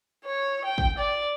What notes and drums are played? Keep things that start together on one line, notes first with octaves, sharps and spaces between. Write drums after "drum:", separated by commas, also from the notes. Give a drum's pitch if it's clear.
C#5
G5
drum: kick
D5